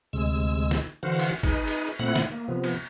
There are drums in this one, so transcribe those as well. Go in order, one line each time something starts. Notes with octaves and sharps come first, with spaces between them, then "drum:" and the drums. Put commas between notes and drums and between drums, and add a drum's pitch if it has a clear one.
D2 C3 G#3 E6
drum: snare
D3 E3 F#4 C5 F5 F#5
drum: cymbal
D#4 G#4 B4, drum: kick, cymbal
drum: cymbal
A#2 A3 C4 E4 F#5 F#6
drum: snare
A#3
C3 F3 B3
drum: cymbal